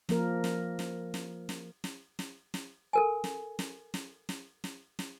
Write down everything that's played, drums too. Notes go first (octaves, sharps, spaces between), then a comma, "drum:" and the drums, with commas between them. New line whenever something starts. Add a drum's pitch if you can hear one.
F3 A#3 A#4, drum: snare
drum: snare
drum: snare
drum: snare
drum: snare
drum: snare
drum: snare
drum: snare
A4 A#4 G#5
drum: snare
drum: snare
drum: snare
drum: snare
drum: snare
drum: snare